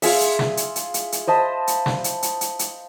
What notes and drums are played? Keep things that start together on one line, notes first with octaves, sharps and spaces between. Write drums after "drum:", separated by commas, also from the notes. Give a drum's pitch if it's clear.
F4 G#4 E5, drum: open hi-hat
drum: hi-hat
drum: snare
drum: hi-hat
drum: hi-hat
drum: hi-hat
drum: hi-hat
C5 D#5 A5 B5
drum: hi-hat
drum: snare
drum: hi-hat
drum: hi-hat
drum: hi-hat
drum: hi-hat